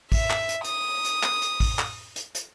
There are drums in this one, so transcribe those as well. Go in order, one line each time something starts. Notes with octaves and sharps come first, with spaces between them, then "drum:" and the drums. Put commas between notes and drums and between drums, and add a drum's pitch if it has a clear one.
E5, drum: kick, open hi-hat
drum: clap
drum: hi-hat
D#6, drum: hi-hat
drum: hi-hat
drum: clap
drum: hi-hat
drum: kick, open hi-hat
drum: clap
drum: hi-hat
drum: hi-hat